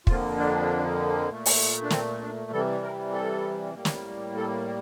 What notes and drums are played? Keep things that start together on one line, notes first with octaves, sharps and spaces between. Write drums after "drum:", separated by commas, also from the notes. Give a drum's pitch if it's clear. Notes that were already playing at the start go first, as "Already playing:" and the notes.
F2 D3 F3 A#3 F4, drum: kick
D4
A#2 A3
drum: open hi-hat
D4
C4, drum: snare
D4
C3 E3 G3 A4
A#4
A4
A2 G3 A#3
drum: snare
A4